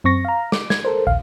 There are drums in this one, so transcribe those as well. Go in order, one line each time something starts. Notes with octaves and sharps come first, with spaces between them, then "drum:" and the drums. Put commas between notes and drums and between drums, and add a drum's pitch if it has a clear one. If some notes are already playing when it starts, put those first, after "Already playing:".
F#2 C4 C#6 A#6
F5 A#5
D6, drum: snare
G#6, drum: snare
A4 A#4 C5
A#1 D#2 F5